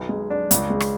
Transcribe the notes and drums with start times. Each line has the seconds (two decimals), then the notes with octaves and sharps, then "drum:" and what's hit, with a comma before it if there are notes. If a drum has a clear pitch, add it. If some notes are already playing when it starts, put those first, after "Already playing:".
Already playing: B1
0.09 G#3
0.30 D4
0.51 C#2, drum: hi-hat
0.70 G#3
0.80 drum: rim click